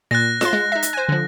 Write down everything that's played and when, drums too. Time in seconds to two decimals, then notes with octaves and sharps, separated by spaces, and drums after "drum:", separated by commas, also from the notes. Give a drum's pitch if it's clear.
0.11 A#2 F#6 A6 A#6
0.41 C6 A6 E7, drum: snare F4
0.53 G#3
0.72 D#4 E5
0.82 drum: hi-hat
0.93 C5 G#5
1.09 D3 F3